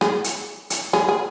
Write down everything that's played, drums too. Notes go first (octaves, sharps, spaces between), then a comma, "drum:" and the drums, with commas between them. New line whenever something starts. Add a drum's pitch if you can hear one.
G#4, drum: rim click
drum: hi-hat
drum: hi-hat
G#4, drum: rim click
G#4